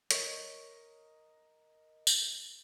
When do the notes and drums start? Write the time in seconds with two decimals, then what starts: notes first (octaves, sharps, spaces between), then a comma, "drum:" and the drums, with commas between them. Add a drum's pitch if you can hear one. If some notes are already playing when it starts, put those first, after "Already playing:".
0.11 A#4 C#5 D#5, drum: hi-hat
2.07 drum: tambourine